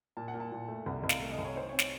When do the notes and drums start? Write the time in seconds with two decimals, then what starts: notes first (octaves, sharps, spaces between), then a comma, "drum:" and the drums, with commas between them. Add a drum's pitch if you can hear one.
0.17 A#2 A5
0.28 F#5
0.34 A#2
0.40 A5
0.52 A#2
0.68 A3
0.86 C2 F#5
1.02 C2 D#5
1.09 F5, drum: snare
1.20 A3
1.32 D#5
1.39 C2
1.45 C#5
1.55 D#4 C5
1.69 C4 C#5
1.79 drum: snare